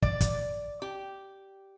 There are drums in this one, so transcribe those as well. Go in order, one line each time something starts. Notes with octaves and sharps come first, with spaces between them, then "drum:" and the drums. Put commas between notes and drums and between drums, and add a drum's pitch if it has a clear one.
D5, drum: kick
drum: kick, hi-hat
G4